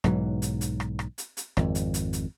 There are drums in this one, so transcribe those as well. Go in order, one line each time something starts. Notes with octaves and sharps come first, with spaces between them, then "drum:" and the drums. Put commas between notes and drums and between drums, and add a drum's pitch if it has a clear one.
B1 G#2 E3 F#3, drum: rim click
drum: hi-hat
drum: hi-hat
drum: rim click
drum: rim click
drum: hi-hat
drum: hi-hat
G#1 F2, drum: rim click
drum: hi-hat
drum: hi-hat
drum: hi-hat